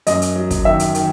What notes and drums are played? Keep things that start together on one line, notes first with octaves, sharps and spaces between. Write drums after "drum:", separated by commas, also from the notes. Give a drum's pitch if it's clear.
F#2 D#5, drum: hi-hat
drum: hi-hat
F#3
drum: kick, hi-hat
D#3 E5
drum: hi-hat
D#3, drum: hi-hat